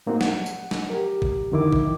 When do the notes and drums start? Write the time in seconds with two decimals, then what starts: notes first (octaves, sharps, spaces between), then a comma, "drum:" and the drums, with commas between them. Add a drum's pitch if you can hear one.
0.06 A2 A#3 C4 D#4 F#4
0.21 F#5, drum: snare
0.46 drum: tambourine
0.71 drum: snare
0.90 G4 A#4
1.22 drum: kick
1.52 F2 D3 D#3 E4 D6
1.72 drum: kick